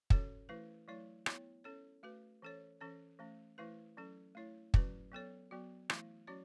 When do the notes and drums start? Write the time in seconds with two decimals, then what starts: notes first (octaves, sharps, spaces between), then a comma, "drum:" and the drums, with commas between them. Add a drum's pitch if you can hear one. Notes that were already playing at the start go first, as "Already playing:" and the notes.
0.10 C#4 F#4 A4 C#5, drum: kick
0.49 E3 A3 E4 B4
0.88 F#3 A3 E4 C#5
1.26 B3 E4 C#5, drum: rim click
1.64 C#4 A4 C#5
2.03 A3 F#4 B4
2.42 E3 C#4 A4 C#5
2.81 E3 C#4 A4 C#5
3.19 E3 A3 C#4
3.58 E3 A3 E4 B4
3.97 F#3 C#4 A4
4.35 A3 E4 C#5
4.74 F#3 C#4 F#4 B4, drum: kick
5.12 F#3 B3 A4 C#5
5.51 F#3 B3 F#4
5.90 E3 A3 E4, drum: rim click
6.27 F#3 C#4 F#4 C#5